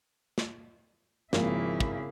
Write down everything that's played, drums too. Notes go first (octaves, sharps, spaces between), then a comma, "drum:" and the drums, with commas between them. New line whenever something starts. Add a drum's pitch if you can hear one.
drum: snare
G#1 C#3 F3 A#3 E4, drum: snare
drum: kick